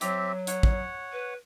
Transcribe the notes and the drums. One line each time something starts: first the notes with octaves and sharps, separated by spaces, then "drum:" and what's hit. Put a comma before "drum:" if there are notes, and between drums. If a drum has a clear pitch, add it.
F#3 C4 G4 E5, drum: hi-hat
C#5 F#5, drum: hi-hat
drum: kick
B4